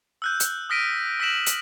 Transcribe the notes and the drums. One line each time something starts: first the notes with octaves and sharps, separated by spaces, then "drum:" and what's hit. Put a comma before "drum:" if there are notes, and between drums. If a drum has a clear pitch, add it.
E6 F#6 G6
drum: hi-hat
D#6 F6 A#6 B6 D7 D#7
E6 A#6 B6 D7 E7 F#7
drum: hi-hat